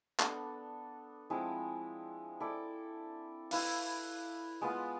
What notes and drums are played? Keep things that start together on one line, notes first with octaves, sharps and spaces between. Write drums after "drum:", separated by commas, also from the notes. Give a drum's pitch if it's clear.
B3 D4 A4, drum: clap
F3 G#3 C4 E4
E4 A4 D5
E4 B4 F5, drum: open hi-hat
G#3 B3 F4 B4